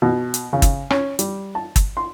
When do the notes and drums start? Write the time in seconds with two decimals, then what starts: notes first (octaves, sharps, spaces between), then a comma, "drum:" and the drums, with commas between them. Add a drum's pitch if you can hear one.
0.02 B2
0.34 drum: hi-hat
0.53 C#3
0.62 drum: kick, hi-hat
0.90 C#4, drum: rim click
1.19 G3, drum: hi-hat
1.55 A5
1.76 drum: kick, hi-hat
1.97 C6